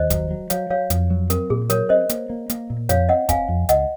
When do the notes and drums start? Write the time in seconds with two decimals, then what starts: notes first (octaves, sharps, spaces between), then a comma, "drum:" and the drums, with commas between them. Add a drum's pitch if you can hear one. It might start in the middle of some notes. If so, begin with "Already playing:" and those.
Already playing: D#2 C5 D#5
0.10 F#3, drum: kick, hi-hat
0.31 F#3
0.50 F#3 C#5 F5, drum: hi-hat
0.70 F#3 C#5 F5
0.90 F2, drum: hi-hat
1.10 F#3
1.30 C4 A#4, drum: hi-hat
1.50 A#2 G#4
1.70 F#3 A#4 C#5, drum: hi-hat
1.89 C4 C5 D#5
2.09 A#3, drum: hi-hat
2.30 A#3
2.50 A#3, drum: hi-hat
2.70 A#2
2.89 F2 C#5 F5, drum: hi-hat
3.09 C4 D#5 F#5
3.29 C4 F5 G#5, drum: kick, hi-hat
3.49 F2
3.69 C#2 D#5 F#5, drum: hi-hat